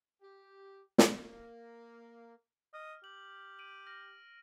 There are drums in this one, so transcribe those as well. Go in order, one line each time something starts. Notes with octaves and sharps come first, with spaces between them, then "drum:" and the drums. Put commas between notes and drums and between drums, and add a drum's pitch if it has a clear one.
G4
drum: snare
A#3
D#5 F6
G4 F#7
D7 D#7 F#7
F6 A#6 F#7